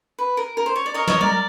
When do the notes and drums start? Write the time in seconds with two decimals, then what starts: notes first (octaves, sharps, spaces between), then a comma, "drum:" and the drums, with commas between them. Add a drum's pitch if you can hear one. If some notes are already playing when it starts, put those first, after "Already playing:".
0.19 B4
0.37 A#4
0.57 A#4
0.66 C5
0.76 C#5
0.86 D5
0.94 A#4 C#5 D#5
1.08 C#5 D#5, drum: snare
1.21 D5, drum: tom F#3